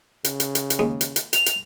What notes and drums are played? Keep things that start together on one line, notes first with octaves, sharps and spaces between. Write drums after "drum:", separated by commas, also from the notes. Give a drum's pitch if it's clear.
C#3, drum: hi-hat
drum: hi-hat
drum: hi-hat
drum: hi-hat
D#2 G#3
drum: hi-hat
drum: hi-hat
F7, drum: hi-hat
drum: hi-hat